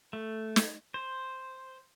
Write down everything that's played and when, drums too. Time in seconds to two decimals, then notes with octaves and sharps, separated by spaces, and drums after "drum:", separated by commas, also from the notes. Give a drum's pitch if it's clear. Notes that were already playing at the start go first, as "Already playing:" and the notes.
0.13 A3
0.56 drum: snare
0.94 C5